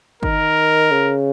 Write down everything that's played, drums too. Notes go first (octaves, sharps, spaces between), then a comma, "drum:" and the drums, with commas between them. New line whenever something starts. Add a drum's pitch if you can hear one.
D#3 A#4, drum: kick G1
C#3